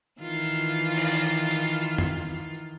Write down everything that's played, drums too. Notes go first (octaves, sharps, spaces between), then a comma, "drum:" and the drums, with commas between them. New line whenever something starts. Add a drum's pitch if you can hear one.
D#3 E3 F4
drum: cymbal
drum: hi-hat
drum: tom